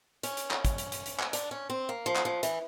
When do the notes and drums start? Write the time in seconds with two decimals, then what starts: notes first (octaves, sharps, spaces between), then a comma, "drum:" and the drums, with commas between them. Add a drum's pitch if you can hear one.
0.23 C#4, drum: hi-hat
0.37 drum: hi-hat
0.51 drum: clap
0.65 drum: kick, hi-hat
0.78 drum: hi-hat
0.92 drum: hi-hat
1.06 drum: hi-hat
1.20 drum: clap
1.33 D4, drum: hi-hat
1.51 C#4
1.70 C4
1.89 A#3
2.06 F3
2.16 drum: clap
2.25 F3
2.43 E3, drum: hi-hat